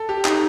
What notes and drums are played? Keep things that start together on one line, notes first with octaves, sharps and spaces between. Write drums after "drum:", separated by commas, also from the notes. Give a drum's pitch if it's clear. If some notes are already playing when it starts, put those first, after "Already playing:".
Already playing: A4
G4
D#4, drum: clap